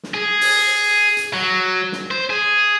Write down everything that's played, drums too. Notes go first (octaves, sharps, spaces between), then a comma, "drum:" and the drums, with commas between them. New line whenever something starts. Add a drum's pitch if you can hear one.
drum: snare
G#4
drum: open hi-hat
drum: hi-hat
F#3
drum: snare
C5
G#4